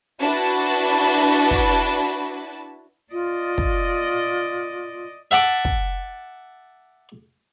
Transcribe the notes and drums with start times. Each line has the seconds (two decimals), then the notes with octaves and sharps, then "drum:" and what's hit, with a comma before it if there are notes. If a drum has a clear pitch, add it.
0.21 D4 E4 F#4 B4 A5
1.51 drum: kick
3.13 F4 D5 D#5
3.58 drum: kick
5.31 E5 F#5 A5 D6
5.65 drum: kick